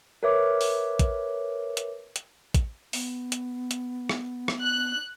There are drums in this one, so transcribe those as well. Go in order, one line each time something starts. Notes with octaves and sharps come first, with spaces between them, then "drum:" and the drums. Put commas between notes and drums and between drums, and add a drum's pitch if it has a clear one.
A#4 B4 C#5 E5 D6
drum: open hi-hat
drum: kick, hi-hat
drum: hi-hat
drum: hi-hat
drum: kick, hi-hat
B3, drum: open hi-hat
drum: hi-hat
drum: hi-hat
drum: rim click
drum: rim click
F#6